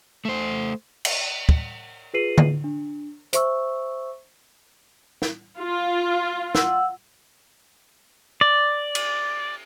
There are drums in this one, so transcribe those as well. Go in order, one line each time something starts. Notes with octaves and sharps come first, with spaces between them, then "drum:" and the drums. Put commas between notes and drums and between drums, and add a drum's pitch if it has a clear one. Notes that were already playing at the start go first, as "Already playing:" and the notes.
A3 C5
drum: cymbal
drum: kick
F4 G#4 B4 C7 D#7 F#7
drum: tom D3
D4
C5 E5 C#6 E6, drum: hi-hat
drum: snare
F4
F#5 E6, drum: snare
D5
drum: cymbal